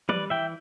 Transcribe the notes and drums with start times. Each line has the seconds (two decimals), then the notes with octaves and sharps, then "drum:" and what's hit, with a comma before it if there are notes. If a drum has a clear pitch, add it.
0.09 G3 B4 D5, drum: tom
0.30 E3 E5 G5